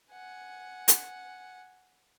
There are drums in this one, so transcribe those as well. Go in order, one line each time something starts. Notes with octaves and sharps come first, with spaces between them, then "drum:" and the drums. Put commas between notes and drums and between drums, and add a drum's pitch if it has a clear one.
F#5 G#5
drum: hi-hat